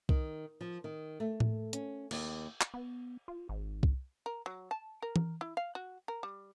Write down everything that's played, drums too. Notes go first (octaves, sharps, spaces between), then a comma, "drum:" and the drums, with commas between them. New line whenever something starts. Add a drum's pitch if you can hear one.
D#3, drum: kick C2
F3
D#3
A3
drum: tom A2
C#4, drum: hi-hat
D#2, drum: cymbal
drum: clap
B3
F4
G#1
drum: kick C2
A#4
F#3
A5
A#4
drum: tom E3
E4
F5
F#4
A#4
G3